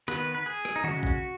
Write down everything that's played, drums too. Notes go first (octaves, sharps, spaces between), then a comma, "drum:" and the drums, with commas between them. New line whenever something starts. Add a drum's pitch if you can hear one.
D#3 B3 B4, drum: rim click
B4
G#4
drum: rim click
D#4
C#3 G#3 C#4 F#4, drum: tom D3
drum: kick A#1